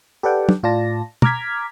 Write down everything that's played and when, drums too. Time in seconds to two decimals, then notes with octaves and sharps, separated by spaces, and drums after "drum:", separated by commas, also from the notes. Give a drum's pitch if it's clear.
0.23 G4 A4 B4 D5 F#5 G5
0.49 drum: tom
0.63 A2 F4 D5 A5 A#6
1.22 A#5 D6 F6 G#6 B6, drum: tom